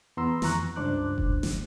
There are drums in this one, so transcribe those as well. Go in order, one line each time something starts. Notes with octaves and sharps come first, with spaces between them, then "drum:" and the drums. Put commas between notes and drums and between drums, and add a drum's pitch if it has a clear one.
E2 B3 A#5 C6 E6
F2 E3 A#5 C#6 F#6, drum: snare
C#2 G2 D4 C5 D6 F#6
drum: kick F1
drum: snare